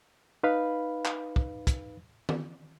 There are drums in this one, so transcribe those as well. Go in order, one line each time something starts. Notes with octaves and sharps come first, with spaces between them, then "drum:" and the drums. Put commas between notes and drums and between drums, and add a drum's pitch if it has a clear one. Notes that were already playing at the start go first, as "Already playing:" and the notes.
D#4 B4 F5 B5
drum: clap
drum: kick
drum: kick, hi-hat
drum: tom D#3